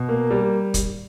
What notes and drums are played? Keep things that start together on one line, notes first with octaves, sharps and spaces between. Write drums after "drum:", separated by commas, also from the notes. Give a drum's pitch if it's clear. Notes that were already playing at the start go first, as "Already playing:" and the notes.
Already playing: B2
A#3
G3
drum: kick, hi-hat